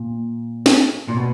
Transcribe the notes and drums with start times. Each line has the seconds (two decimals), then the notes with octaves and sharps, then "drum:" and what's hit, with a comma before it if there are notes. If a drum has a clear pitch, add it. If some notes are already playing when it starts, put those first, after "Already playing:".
Already playing: A#2
0.66 drum: snare
1.08 A#2
1.17 B2